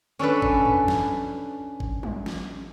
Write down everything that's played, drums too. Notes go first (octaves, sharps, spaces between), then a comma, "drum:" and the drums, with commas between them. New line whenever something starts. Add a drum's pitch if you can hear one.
C#4 D4 A4 B4
drum: kick
drum: tom
drum: snare
drum: kick
drum: tom
drum: snare